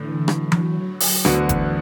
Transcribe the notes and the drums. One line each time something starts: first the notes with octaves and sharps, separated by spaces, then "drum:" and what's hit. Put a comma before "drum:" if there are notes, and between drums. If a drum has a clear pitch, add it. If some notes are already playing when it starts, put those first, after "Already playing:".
Already playing: A2 D3 E3
F#3, drum: rim click
drum: tom E3
drum: open hi-hat
D2 D3 E3 B3 F#4, drum: rim click
drum: kick F#1, hi-hat